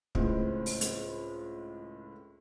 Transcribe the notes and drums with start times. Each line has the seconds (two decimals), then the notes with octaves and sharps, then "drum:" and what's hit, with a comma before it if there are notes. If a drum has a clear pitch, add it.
0.15 C#2 A2 C4, drum: kick
0.66 drum: open hi-hat
0.81 drum: hi-hat